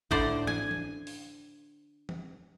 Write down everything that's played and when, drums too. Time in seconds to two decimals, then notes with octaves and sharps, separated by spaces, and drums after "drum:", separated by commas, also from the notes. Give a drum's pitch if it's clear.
0.11 A2 D3 C5 D5, drum: kick
0.47 G#5, drum: tom E3
0.71 drum: tom E3
1.07 drum: open hi-hat
2.09 drum: tom E3